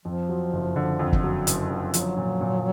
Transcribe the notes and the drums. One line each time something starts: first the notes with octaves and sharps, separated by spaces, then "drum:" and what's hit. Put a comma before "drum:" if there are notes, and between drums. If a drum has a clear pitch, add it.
F2 F3
F#3
F#1
D3
F2
drum: kick
F#3
F#1, drum: hi-hat
D3
F3 F#3, drum: hi-hat
A#2
A#2